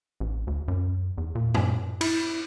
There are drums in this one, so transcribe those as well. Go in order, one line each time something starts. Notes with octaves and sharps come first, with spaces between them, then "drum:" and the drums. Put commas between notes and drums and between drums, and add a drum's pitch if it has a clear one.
A1
D2
F#2
E2
A#2
drum: tom F#2
E4, drum: cymbal